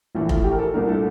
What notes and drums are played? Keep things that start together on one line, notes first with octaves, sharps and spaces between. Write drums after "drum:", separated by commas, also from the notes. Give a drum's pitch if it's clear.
A#1 A2 E3 A3
F4, drum: kick F1
G4
A#4
A4
C2 A#2 A3 D4 A#4
A4